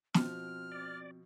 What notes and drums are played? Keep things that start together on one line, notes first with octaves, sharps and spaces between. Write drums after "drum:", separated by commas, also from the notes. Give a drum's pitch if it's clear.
B2 F3 C4 F6, drum: snare
D5